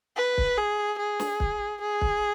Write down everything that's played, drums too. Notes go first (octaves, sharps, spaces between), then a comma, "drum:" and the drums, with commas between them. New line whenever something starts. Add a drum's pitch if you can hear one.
B4
drum: kick
G#4
G#4
drum: snare
drum: kick
G#4
drum: kick